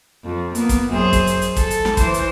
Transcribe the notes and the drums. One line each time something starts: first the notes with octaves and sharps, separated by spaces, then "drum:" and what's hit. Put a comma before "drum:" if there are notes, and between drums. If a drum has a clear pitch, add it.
F2
A#3 B3, drum: hi-hat
drum: kick, hi-hat
F#2 G#4 C5
drum: kick, hi-hat
drum: hi-hat
drum: hi-hat
A4, drum: kick, hi-hat
drum: hi-hat
drum: snare
E3 C5, drum: kick, hi-hat
drum: hi-hat